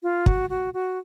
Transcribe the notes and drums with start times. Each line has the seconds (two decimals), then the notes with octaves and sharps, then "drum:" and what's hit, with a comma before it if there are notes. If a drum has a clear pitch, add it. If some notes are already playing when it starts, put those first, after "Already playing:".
0.03 F4
0.26 F#4, drum: kick
0.50 F#4
0.74 F#4